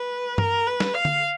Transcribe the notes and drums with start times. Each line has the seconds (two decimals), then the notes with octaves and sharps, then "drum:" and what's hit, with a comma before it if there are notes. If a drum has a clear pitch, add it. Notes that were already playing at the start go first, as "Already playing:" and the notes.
Already playing: B4
0.38 A#4, drum: tom
0.67 B4
0.80 drum: snare
0.94 F5
1.05 drum: tom D3